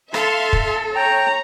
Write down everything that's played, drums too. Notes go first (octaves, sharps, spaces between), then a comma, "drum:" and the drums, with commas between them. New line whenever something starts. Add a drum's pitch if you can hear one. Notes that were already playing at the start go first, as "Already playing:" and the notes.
A4 E5 F5 C6, drum: rim click
drum: kick
C#5 G5 A#5